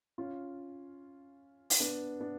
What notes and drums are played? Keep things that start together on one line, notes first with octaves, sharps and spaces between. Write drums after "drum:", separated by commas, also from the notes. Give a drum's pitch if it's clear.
C#4 F4
drum: open hi-hat
B3 D4
B3 D4